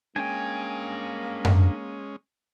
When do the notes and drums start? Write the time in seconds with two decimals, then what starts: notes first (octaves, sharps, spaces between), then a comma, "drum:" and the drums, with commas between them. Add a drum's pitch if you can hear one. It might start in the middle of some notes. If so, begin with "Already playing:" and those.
0.16 G#3 A#3 C#4 D4 G5 G#5
1.45 drum: tom F#2